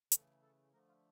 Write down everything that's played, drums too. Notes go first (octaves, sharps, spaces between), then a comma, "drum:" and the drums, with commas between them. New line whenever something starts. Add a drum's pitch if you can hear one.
C#3 E3 A3 A4, drum: hi-hat
A4
D3 F3 A3 A#4
F4